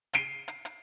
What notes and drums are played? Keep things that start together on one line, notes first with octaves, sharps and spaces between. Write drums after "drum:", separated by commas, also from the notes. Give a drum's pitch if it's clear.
C7 D7 D#7 G7, drum: hi-hat
drum: hi-hat
drum: hi-hat